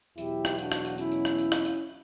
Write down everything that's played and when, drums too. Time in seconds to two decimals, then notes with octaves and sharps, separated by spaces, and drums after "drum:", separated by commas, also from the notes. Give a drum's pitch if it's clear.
0.18 E2 B2 F#3 E4 G4, drum: tambourine
0.45 drum: rim click
0.59 D4 F#4, drum: tambourine
0.72 drum: rim click
0.85 drum: tambourine
0.98 C#4 E4, drum: tambourine
1.12 drum: tambourine
1.25 drum: rim click
1.38 drum: tambourine
1.52 drum: rim click
1.65 drum: tambourine